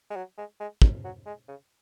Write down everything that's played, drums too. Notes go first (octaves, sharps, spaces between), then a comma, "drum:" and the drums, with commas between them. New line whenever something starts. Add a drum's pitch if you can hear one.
G#3
F#3
G#3
G#3
drum: kick
F#3
G#3
C#3